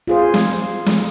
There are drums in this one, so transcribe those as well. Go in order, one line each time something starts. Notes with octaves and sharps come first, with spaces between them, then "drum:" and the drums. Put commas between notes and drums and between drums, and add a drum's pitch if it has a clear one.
F4 G#4 C5
drum: snare
drum: snare